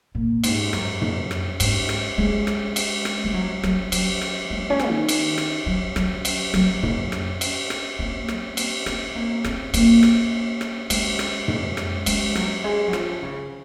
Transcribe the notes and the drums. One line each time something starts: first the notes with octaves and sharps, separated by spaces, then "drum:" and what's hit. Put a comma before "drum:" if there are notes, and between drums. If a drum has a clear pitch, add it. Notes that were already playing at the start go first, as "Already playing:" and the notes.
A#2
G#2, drum: cymbal
F#2, drum: rim click
drum: tom
drum: rim click
G#2, drum: cymbal
drum: rim click
G#3
drum: rim click
drum: cymbal
drum: rim click
G#3
F#3
F#3, drum: rim click
F#3, drum: cymbal
drum: rim click
G#3
C#4
drum: rim click
D#3
drum: cymbal
drum: rim click
F#3
F#3, drum: rim click
drum: cymbal
F#3, drum: rim click
C#4, drum: tom
drum: rim click
drum: cymbal
drum: rim click
C4
F#3, drum: rim click
C4, drum: cymbal
C4, drum: rim click
A#3
C4, drum: rim click
A#3, drum: cymbal
drum: rim click
drum: rim click
G#3, drum: cymbal
drum: rim click
drum: tom
drum: rim click
G#3, drum: cymbal
F#3, drum: rim click
G#3
F#3
F3, drum: rim click
C#3